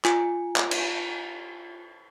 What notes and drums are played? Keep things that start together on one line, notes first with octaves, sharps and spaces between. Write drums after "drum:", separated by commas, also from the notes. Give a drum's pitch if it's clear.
F4 G#5, drum: clap
drum: clap
drum: cymbal